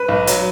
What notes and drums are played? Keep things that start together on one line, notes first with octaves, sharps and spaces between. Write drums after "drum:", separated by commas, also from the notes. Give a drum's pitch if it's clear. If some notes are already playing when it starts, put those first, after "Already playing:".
Already playing: B4
B1
F#3, drum: hi-hat